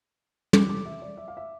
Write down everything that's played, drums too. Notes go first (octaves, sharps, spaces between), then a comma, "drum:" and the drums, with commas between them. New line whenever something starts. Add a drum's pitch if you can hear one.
E2 C3 G3 D6, drum: tom
D6
E5
D5
E5
F5
E5